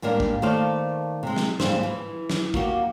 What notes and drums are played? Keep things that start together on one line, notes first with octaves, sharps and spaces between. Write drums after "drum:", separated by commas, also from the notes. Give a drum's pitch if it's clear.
G#2 G3 A#3 D4 A#4
drum: kick
D#3 A3 A4 C5 D5 F5
C3 G#3
drum: snare
D#2 G#2 C#3 G3 C5, drum: snare
E3
drum: snare
A#3 F#4 G4, drum: kick